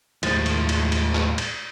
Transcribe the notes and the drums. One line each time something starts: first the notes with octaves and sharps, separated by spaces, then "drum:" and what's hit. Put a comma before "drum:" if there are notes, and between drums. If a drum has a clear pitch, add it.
D#2 A2 F3 G#3, drum: cymbal
drum: cymbal
drum: cymbal
drum: cymbal
drum: clap
drum: cymbal